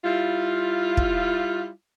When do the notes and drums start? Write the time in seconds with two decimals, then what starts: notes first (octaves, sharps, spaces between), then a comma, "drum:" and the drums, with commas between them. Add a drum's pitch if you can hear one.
0.04 G3 E4 F4
0.97 drum: kick